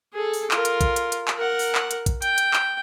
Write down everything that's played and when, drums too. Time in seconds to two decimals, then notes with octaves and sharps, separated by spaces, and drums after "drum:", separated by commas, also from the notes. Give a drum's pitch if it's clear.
0.14 G#4 A4
0.33 drum: open hi-hat
0.51 F4 A#4, drum: clap
0.65 drum: hi-hat
0.81 drum: kick A#1, hi-hat
0.96 drum: hi-hat
1.12 drum: hi-hat
1.28 drum: clap
1.38 A#4 F#5
1.59 drum: open hi-hat
1.75 drum: clap
1.91 drum: hi-hat
2.06 drum: kick A#1, hi-hat
2.22 G5, drum: hi-hat
2.38 drum: hi-hat
2.53 drum: clap